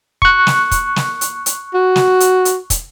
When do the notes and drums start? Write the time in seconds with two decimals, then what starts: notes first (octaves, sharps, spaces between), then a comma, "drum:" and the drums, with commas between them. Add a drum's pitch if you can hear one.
0.22 C#6 F#6, drum: kick
0.47 drum: snare
0.71 drum: kick, hi-hat
0.96 drum: snare
1.21 drum: hi-hat
1.46 drum: hi-hat
1.74 F#4
1.96 drum: snare
2.20 drum: hi-hat
2.45 drum: hi-hat
2.70 drum: kick, hi-hat